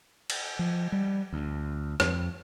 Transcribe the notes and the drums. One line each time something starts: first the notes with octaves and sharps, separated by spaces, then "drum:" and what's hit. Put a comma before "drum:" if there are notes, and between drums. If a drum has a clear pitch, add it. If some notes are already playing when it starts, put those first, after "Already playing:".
drum: cymbal
F3
G3
D2
F2, drum: rim click